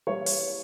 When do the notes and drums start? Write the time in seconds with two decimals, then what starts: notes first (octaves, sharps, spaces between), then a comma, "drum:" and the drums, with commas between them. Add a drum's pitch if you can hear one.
0.07 E3 G3 A#3 C#5
0.26 drum: open hi-hat